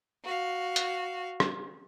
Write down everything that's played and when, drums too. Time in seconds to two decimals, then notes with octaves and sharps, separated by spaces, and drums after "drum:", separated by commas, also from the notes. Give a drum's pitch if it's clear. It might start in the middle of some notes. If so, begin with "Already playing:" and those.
0.24 F#4 F5
0.76 drum: hi-hat
1.40 drum: rim click